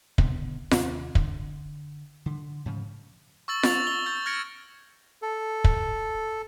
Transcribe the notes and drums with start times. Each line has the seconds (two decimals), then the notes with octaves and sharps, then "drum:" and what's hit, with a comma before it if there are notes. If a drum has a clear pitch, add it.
0.18 B2 D3 D#3 B3, drum: kick
0.71 D#2 C3 D#3 C4, drum: snare F4
1.15 D3, drum: kick
2.26 D3
2.66 G#2 C#3 F3
3.48 C#6 E6 A6 F#7
3.63 A6 F7, drum: snare F4
3.87 G7
4.06 E6 G6 A6
4.26 F6 G#6 A#6 C#7 D7
5.22 A4
5.64 drum: kick